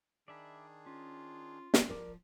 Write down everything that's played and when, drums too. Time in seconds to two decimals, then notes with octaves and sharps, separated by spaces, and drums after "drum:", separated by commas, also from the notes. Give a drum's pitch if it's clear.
0.28 D#3 D4 G#4 D5 E5 B5
0.86 C#4 F4
1.74 drum: snare
1.90 F3 A#4 D5